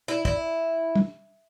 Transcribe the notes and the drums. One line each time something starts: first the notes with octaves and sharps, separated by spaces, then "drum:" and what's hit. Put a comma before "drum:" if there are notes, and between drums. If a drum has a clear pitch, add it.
E4
E4, drum: kick
drum: tom